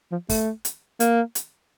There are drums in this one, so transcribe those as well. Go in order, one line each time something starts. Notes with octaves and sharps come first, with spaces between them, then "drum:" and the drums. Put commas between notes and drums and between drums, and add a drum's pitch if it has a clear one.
F3
A3, drum: kick, open hi-hat
drum: hi-hat
A#3, drum: hi-hat
drum: hi-hat